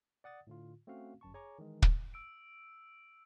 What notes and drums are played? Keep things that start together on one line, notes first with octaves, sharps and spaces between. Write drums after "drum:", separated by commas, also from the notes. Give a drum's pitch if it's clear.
D5 F#5 D#6 A6
A2 D3 F4
A3 C4 C#4 F#4 F5
G1 F#2 A5 C#6
G#4 C#5 G#5 A#5 C#6 D6
D#3 E3 G#3
drum: kick
E6 D7